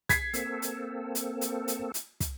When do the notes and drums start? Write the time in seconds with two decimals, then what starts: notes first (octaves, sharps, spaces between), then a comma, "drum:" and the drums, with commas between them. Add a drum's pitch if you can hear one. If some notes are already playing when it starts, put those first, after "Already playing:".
0.09 G#6 B6 C7, drum: kick, hi-hat
0.34 A#3 C4 A4, drum: hi-hat
0.62 drum: hi-hat
1.15 drum: hi-hat
1.41 drum: hi-hat
1.68 drum: hi-hat
1.94 drum: hi-hat
2.20 drum: kick, hi-hat